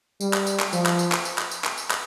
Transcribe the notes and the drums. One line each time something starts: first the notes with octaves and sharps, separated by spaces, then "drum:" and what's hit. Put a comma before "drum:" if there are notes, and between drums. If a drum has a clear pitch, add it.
G3, drum: tambourine
drum: clap
drum: tambourine
drum: clap
F3, drum: tambourine
drum: clap
drum: tambourine
drum: clap
drum: tambourine
drum: clap
drum: tambourine
drum: clap
drum: tambourine
drum: clap